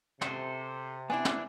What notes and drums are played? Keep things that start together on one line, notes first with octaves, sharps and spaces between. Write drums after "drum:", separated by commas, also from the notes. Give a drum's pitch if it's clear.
C3 A4 C5, drum: snare
B3 C4 D4 E4 D5 G#5
drum: snare